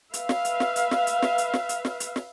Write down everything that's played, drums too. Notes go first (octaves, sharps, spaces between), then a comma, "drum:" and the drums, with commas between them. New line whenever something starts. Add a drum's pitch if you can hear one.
B4 E5 F5, drum: hi-hat
drum: snare
drum: hi-hat
drum: snare
drum: hi-hat
drum: snare
drum: hi-hat
drum: snare
drum: hi-hat
drum: snare
drum: hi-hat
drum: snare
drum: hi-hat
drum: snare